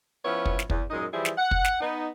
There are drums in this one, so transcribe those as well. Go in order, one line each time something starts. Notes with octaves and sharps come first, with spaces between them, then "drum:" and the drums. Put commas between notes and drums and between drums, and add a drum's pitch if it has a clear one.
F3 B3 C#4 E4 C#5
drum: kick
drum: snare
E2, drum: kick
F#2 A#2 G#3 D#4 D#5
E3 F3 G3 E4 G#4
drum: snare
F#5
drum: kick
drum: snare
B3 D#4